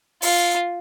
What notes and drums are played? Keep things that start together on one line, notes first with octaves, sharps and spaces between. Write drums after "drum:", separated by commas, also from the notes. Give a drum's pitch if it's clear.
F4, drum: open hi-hat